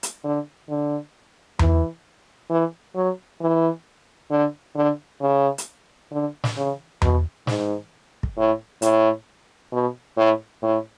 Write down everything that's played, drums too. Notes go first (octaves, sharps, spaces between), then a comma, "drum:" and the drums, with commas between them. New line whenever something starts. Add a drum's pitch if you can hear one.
drum: hi-hat
D3
D3
E3, drum: tom E2
E3
F#3
E3
D3
D3
C#3
drum: hi-hat
D3
drum: snare
C#3
B2, drum: tom E2
G#2, drum: snare
drum: kick
A2
A2, drum: hi-hat
B2
A2
A2